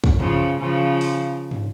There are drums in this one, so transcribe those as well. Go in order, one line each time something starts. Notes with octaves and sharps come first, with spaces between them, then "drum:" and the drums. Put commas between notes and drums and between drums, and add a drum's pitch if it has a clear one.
drum: kick
C#3 F3, drum: tom F#2
C#3 F3
drum: open hi-hat
drum: tom